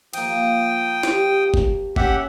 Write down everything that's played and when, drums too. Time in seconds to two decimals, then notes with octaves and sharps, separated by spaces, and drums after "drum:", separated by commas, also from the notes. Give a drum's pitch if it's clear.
0.13 F3 A#3 G5 D#6, drum: cymbal
1.03 G4, drum: snare
1.54 drum: kick
1.96 C#4 G4 E5 F#5, drum: kick